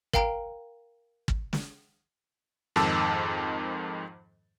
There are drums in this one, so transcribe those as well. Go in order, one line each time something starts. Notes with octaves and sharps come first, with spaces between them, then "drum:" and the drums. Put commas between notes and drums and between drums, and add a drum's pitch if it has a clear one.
A#4 F5 G5 A#5 D7, drum: kick
drum: kick
drum: snare
F2 G#2 D#3 A5 D6 E6